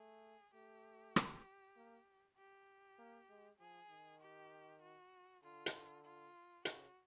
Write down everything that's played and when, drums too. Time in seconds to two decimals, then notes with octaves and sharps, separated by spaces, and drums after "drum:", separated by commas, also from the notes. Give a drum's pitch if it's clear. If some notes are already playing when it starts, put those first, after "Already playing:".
Already playing: A3 G#4
0.54 A3 G4
1.16 drum: rim click
1.76 A#3
2.37 G4
2.98 A#3
3.29 G#3
3.59 F3 G#4
3.90 D#3
4.21 G4
4.82 F#4
5.43 D3 F4
5.66 drum: hi-hat
6.05 F4
6.65 C#3 F#4, drum: hi-hat